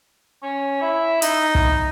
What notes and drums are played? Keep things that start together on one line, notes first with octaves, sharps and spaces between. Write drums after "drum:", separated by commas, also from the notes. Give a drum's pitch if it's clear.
C#4
E4
D#4, drum: hi-hat
drum: kick